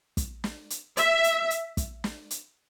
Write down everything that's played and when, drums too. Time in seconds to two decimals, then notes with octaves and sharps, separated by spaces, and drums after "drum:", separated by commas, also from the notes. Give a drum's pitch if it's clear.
0.17 drum: kick, hi-hat
0.44 drum: snare
0.70 drum: hi-hat
0.97 E5, drum: hi-hat
1.24 drum: hi-hat
1.50 drum: hi-hat
1.77 drum: kick, hi-hat
2.04 drum: snare
2.31 drum: hi-hat